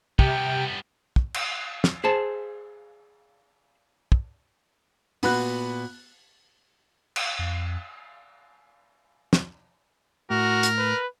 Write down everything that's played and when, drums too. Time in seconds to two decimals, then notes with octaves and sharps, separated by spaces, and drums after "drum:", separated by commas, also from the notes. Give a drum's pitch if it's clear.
0.19 C3 G3 B3 G5, drum: kick
1.16 drum: kick
1.34 drum: cymbal
1.84 drum: snare
2.04 G#4 C5 A5
4.12 drum: kick
5.23 A#2 B3 F#4 B5 F#6, drum: open hi-hat
7.16 drum: cymbal
7.39 F2
9.33 drum: snare
10.30 A2 F#4 A#4
10.63 drum: hi-hat
10.79 B4